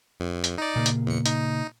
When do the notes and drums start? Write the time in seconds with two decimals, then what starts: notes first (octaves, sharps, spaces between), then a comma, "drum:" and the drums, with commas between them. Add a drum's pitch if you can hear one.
0.20 F2
0.44 drum: hi-hat
0.58 D#4 D5
0.76 A#2 C#3
0.86 drum: hi-hat
1.07 E2 C#7
1.26 D#4, drum: hi-hat